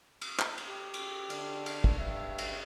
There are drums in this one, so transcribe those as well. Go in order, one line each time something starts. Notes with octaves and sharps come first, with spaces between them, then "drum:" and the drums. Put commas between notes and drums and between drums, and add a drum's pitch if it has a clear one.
drum: cymbal
drum: clap
drum: cymbal
G4
drum: cymbal
D3, drum: cymbal
drum: cymbal
drum: kick
G2 E5
drum: cymbal